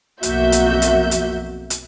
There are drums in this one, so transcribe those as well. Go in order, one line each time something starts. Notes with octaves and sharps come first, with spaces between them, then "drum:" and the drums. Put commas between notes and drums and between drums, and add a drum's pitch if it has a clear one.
B1 F2 A#3 F#4 E5 G6, drum: hi-hat
drum: hi-hat
drum: hi-hat
drum: hi-hat
drum: hi-hat